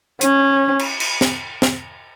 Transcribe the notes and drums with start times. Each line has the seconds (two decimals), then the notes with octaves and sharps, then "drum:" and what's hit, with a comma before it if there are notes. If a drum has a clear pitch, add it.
0.21 C#4, drum: hi-hat
0.79 drum: cymbal
1.00 drum: cymbal
1.21 drum: snare
1.62 drum: snare